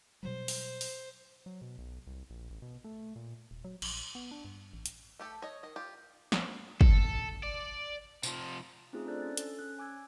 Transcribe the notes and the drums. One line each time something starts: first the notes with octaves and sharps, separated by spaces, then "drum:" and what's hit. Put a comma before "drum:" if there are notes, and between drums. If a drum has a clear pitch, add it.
B2 F#3 G3 C5
drum: open hi-hat
drum: open hi-hat
F#3
B2
B1
C2
A#1
A1
B2
A3
A#2
D#1
F#3
A#1, drum: cymbal
B3
D4
G2
A1
drum: hi-hat
A3 G4 A4
C#5 D#5
D#3 D#5
F4 G4
drum: snare
A4, drum: kick
D5
C3 F3, drum: tambourine
A3 C4 C#4 D#4 F4 G#4
D4 A4 C5 D5 F#6
C#4 A6
A4, drum: hi-hat
C#4 F#6
G#5 D6 E6 G#6